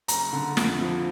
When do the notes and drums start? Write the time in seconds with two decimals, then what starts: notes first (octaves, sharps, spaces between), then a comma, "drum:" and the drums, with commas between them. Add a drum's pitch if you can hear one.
0.08 F#1 A#5, drum: hi-hat
0.33 D3
0.57 F2, drum: snare
0.81 F3